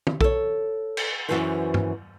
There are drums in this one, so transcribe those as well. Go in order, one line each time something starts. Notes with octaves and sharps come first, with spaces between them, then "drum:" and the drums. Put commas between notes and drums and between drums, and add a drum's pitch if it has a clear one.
drum: tom
A4 C#5, drum: kick B1
drum: cymbal
F#2 D#3 E3 F#4 B4 C5
drum: tom G2